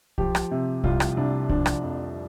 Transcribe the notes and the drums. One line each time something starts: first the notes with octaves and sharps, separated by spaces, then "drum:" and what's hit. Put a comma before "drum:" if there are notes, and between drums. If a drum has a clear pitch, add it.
F3 G4, drum: kick
drum: rim click
C3
C2 F4, drum: kick
drum: rim click
C2 D4
F3 D4, drum: kick
drum: rim click
F2